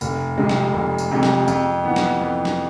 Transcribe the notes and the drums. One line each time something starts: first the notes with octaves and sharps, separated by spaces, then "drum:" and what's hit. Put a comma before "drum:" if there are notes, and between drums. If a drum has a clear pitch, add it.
F1, drum: tambourine
F2 C3 G#3
drum: snare
F1
drum: tambourine
F2 C3 G#3
drum: snare
F2, drum: tambourine
E3 B3
drum: snare
F2
drum: snare